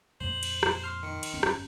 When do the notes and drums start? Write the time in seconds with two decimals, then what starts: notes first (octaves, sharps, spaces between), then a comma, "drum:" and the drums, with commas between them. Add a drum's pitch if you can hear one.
0.20 F2 A#2 A#3 C5 F#7
0.43 drum: cymbal
0.63 drum: rim click
0.84 C6 F6
1.03 D#3 C#7
1.23 drum: cymbal
1.33 G1 F2 C#4
1.43 drum: rim click